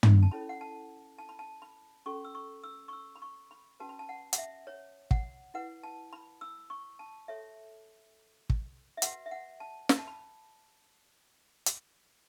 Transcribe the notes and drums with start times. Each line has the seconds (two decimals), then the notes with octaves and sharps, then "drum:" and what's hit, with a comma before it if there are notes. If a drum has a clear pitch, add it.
0.03 drum: tom
0.23 A5
0.31 C#4 E4 A4 C#5 B5
0.49 F#5
0.61 A5
1.18 A5
1.29 B5
1.39 A5
1.62 B5
2.06 C#4 F#4 A4 C#6
2.25 E6
2.35 C#6
2.64 E6
2.88 C#6
2.93 E6
3.16 B5
3.22 C#6
3.51 B5
3.80 C#4 F#4 B4 A5
3.89 B5
3.99 A5
4.09 F#5
4.33 F#5, drum: hi-hat
4.38 E5
4.67 C#5
5.11 F#5, drum: kick
5.54 E4 B4 F#5
5.83 A5
6.13 B5
6.41 E6
6.70 C#6
6.99 A5
7.28 F#4 A4 C#5 E5
8.50 drum: kick
8.97 E5
9.02 F#4 B4 F#5, drum: hi-hat
9.26 E5
9.31 F#5
9.60 A5
9.89 B5, drum: snare
9.98 A5
10.07 B5
11.66 drum: hi-hat